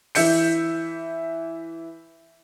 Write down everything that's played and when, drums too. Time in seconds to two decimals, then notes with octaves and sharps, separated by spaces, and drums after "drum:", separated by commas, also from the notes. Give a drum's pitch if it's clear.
0.15 E3 E5 G6 C#7, drum: open hi-hat